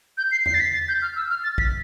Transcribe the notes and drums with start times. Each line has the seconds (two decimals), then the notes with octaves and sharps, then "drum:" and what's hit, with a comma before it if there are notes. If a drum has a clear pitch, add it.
0.17 G6
0.31 C7
0.46 C7, drum: tom E2
0.54 A6
0.60 B6
0.74 A6
0.88 G6
1.02 F6
1.16 E6
1.30 F6
1.43 A6
1.58 B6, drum: kick